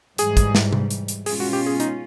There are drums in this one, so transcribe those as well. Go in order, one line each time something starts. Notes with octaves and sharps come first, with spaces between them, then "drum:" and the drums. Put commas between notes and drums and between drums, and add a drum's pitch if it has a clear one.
G#2 E3 G3 G#4, drum: hi-hat
drum: kick, hi-hat
drum: snare
drum: tom C3
drum: hi-hat
drum: hi-hat
B2 G#3 C#4 F4 G#4, drum: open hi-hat
F#4
G4
G#4
D#4, drum: hi-hat